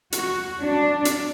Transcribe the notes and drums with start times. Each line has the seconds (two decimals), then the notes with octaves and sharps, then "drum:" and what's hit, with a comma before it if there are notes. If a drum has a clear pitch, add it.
0.12 F#4, drum: hi-hat
0.63 D4
1.05 drum: hi-hat